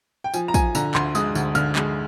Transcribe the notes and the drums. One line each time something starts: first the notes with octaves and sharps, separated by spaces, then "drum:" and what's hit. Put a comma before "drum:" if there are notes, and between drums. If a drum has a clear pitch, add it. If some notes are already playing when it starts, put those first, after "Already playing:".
G5
F3 G#5, drum: tambourine
A#5
F3 G#5, drum: kick, tambourine
D3 A#5, drum: tambourine
D2 C6, drum: clap
G#3 D#6, drum: tambourine
D2, drum: tambourine
D3 F6, drum: tambourine
G#3, drum: clap